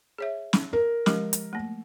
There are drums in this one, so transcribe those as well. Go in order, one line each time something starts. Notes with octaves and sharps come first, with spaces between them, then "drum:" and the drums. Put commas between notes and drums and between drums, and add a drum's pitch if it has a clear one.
G#4 C#5 E5
drum: snare
A#4
F3 G#3 G4, drum: snare
drum: hi-hat
A3 A#3